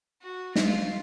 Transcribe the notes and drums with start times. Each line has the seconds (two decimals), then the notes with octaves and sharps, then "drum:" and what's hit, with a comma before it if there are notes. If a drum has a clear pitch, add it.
0.22 F#4
0.56 F4, drum: snare